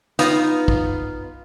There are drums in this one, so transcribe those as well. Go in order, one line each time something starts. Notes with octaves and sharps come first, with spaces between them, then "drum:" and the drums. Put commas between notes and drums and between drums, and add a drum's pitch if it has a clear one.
B3 D#4 F4, drum: hi-hat
drum: kick